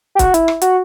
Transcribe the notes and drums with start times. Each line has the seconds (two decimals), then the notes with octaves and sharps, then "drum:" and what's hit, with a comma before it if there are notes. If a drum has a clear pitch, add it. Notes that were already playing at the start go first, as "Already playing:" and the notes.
0.15 G4
0.19 F#4, drum: kick, hi-hat
0.34 E4, drum: hi-hat
0.48 drum: rim click
0.62 F#4, drum: hi-hat